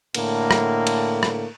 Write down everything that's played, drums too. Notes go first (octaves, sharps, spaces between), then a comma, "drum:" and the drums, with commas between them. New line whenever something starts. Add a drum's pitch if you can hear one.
A2 D3 A#3, drum: cymbal
drum: rim click
drum: cymbal
drum: rim click